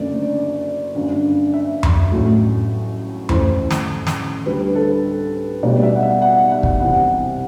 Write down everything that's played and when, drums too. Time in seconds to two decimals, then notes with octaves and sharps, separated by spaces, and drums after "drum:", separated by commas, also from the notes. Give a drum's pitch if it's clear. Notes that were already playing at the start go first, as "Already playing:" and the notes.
Already playing: F#1 F#2 D3 A3 D5
0.95 G1 F#2 D3
1.54 E5
1.83 drum: tom F2
2.12 A1 A2 F#3 A3
3.29 A1 A2 E3 A3 C5, drum: tom F2
3.71 drum: snare
4.07 drum: snare
4.46 D2 D3 G3 B4
4.75 A4
5.63 B1 B2 G3 D5
5.83 E5
5.96 F#5
6.03 E5
6.22 F#5
6.51 F#5
6.63 drum: kick
6.80 C2 C3 E3 F#5